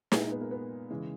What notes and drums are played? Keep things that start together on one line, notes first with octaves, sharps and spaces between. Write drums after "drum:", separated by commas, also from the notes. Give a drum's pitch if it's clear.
A#2 G#3 G#4, drum: snare
D#4
B3
A#3
B3
C#3 E3 G#3